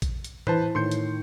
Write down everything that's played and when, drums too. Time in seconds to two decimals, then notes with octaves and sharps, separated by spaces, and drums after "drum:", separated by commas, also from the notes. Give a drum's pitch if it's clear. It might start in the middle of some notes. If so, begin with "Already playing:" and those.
0.02 drum: kick A#1, hi-hat
0.24 drum: hi-hat
0.47 E3 B4 C5 A5, drum: tom A2
0.75 A2 D#3 C6 G6 C#7
0.91 drum: hi-hat